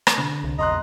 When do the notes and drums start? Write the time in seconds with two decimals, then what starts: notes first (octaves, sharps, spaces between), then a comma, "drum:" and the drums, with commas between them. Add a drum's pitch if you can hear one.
0.07 drum: rim click
0.18 D3
0.44 C2
0.59 B1 F2 D#5 A#5 C6 F#6